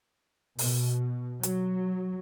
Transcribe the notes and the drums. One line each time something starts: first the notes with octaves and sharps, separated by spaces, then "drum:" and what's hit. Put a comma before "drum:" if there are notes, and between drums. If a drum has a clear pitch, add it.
B2, drum: open hi-hat
F#3, drum: hi-hat